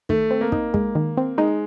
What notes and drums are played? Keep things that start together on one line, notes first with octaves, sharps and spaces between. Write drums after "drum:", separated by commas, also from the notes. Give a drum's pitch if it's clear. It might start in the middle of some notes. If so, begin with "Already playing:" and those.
D#3 A3, drum: kick
C4
A#3
D#4, drum: kick
G#3, drum: kick
D#3
C4
G#3 D#4